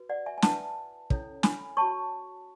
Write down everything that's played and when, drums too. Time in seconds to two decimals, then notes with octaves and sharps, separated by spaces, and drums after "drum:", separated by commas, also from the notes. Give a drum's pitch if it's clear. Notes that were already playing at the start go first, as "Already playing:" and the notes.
Already playing: F#4 B4
0.09 D5 F#5
0.26 E5 G#5
0.38 G#5
0.42 E4 B4 F#5 A5, drum: snare
1.10 C#4 E4 A4 C#5, drum: kick
1.43 G#5 B5, drum: snare
1.77 F#4 C#5 A5 C#6